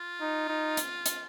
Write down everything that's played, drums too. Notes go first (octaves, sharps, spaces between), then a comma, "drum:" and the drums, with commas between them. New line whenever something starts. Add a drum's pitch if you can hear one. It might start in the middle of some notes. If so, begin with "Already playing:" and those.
Already playing: F4
D#4
D#4
drum: hi-hat
drum: hi-hat